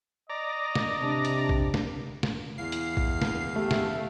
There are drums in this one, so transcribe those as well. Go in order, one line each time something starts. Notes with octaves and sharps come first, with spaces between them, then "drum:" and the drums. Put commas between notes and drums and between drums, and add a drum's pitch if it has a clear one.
D5 D#5 A#5
drum: snare
C3 D4
drum: hi-hat
drum: kick A#1
drum: snare
drum: snare
E2 E4 F5 C7
drum: hi-hat
drum: kick A#1
drum: snare
A3 G4
drum: snare